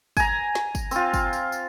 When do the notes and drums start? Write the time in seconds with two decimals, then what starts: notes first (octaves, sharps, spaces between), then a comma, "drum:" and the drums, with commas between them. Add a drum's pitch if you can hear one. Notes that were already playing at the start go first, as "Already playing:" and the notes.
0.17 G#5 A#5, drum: kick, tambourine
0.55 drum: snare
0.75 drum: kick, tambourine
0.91 C4 F4, drum: tambourine
1.14 drum: kick, tambourine
1.33 drum: tambourine
1.52 drum: tambourine